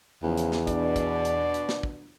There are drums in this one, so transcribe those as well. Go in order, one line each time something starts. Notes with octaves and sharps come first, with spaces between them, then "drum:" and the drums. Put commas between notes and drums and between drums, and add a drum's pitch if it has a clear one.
E2 C#3 F3
drum: hi-hat
drum: snare
B2 D4 D5, drum: kick, hi-hat
drum: kick, hi-hat
drum: hi-hat
drum: hi-hat
drum: snare
drum: kick